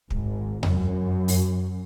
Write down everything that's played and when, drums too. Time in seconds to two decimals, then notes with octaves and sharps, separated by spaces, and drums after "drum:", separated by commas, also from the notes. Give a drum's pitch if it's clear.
0.10 G#1 G#2, drum: kick
0.63 F#2, drum: tom E2
1.28 drum: open hi-hat